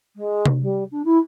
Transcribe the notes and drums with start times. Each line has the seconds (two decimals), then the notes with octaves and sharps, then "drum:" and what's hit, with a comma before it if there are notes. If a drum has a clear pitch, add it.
0.16 G#3
0.46 drum: tom C3
0.61 G3
0.91 D4
1.05 E4